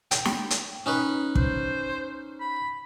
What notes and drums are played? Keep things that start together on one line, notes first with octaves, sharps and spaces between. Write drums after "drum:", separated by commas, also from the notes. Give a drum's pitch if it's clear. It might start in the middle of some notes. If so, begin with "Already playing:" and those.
G5, drum: hi-hat
drum: snare
drum: hi-hat
C#4 D#4 B4
C5, drum: kick
B5